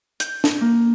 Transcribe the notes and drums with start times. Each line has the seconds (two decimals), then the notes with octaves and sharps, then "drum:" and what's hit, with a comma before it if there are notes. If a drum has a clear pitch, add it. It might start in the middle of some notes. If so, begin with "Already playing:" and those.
0.20 G6, drum: hi-hat
0.44 drum: snare
0.61 A#3